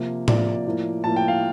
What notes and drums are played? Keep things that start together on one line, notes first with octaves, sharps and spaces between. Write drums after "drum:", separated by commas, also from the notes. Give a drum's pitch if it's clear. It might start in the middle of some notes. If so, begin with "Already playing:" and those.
Already playing: C3 F3 A#3
C3 F3 A#3 D5, drum: tom A2
A2 F3 A#3
A2 F3 A#3 A5
G5
F5